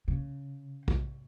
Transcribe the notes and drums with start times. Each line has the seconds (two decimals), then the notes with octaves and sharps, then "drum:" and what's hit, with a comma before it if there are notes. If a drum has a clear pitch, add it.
0.08 C#3
0.88 drum: kick